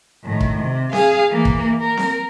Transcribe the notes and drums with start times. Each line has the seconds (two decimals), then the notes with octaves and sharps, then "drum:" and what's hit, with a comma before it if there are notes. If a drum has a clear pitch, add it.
0.24 A2 D#3
0.41 drum: kick
0.62 C3
0.93 G#4 F5, drum: snare C4
1.29 E3 A#3
1.45 drum: kick
1.81 A#4
1.97 drum: snare C4